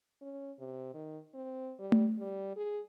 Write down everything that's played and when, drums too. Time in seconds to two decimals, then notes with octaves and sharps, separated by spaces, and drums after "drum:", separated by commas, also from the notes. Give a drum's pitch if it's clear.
0.22 C#4
0.59 C3
0.94 D#3
1.34 C4
1.79 G3
1.92 drum: tom A3
2.19 G3
2.56 G#4